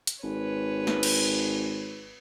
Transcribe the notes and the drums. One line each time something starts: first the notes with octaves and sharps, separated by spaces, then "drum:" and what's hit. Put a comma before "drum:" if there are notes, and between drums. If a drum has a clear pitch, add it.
drum: hi-hat
G#1 B4 C#5
drum: snare
drum: cymbal